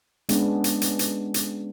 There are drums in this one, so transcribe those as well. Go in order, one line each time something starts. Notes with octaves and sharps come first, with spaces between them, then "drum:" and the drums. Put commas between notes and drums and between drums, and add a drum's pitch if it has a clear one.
G#3 B3 C#4 D4, drum: hi-hat
drum: hi-hat
drum: hi-hat
drum: hi-hat
drum: hi-hat